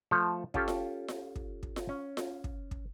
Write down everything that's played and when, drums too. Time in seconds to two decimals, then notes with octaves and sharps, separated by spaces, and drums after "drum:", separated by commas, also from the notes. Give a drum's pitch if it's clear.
0.11 F3 A3 A4
0.54 C#4 F4 G4 A4, drum: kick
0.68 drum: snare F4
1.08 drum: snare F4
1.36 drum: kick
1.63 drum: kick
1.76 drum: snare F4
1.89 C#4
2.17 drum: snare F4
2.44 drum: kick
2.71 drum: kick